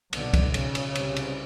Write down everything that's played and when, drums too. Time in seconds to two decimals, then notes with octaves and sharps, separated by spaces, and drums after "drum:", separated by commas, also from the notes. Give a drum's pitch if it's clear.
0.13 B1 B2 D3, drum: cymbal
0.33 drum: kick, cymbal
0.54 C#3, drum: cymbal
0.75 drum: cymbal
0.95 C2 C3, drum: cymbal
1.16 drum: cymbal